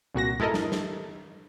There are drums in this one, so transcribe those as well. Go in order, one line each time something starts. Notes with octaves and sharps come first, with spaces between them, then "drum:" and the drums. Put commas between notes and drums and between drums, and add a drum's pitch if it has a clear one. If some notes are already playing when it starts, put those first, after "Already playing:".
C2 A#2 F#4 A#6
G#3 E4 A4 A#4 D#5, drum: tom G#2
drum: snare
drum: snare